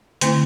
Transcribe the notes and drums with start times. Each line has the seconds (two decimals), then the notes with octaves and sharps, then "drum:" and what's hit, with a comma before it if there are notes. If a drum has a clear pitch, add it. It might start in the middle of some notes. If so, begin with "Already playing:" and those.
0.21 D3 A3 C4 E4, drum: hi-hat